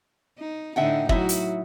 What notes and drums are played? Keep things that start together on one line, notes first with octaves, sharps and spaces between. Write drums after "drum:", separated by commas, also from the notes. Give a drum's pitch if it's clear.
D#4
A2 D3 D#4 E5 F#5 G5
F#3 D#4 E4 F#4 E5, drum: kick
drum: hi-hat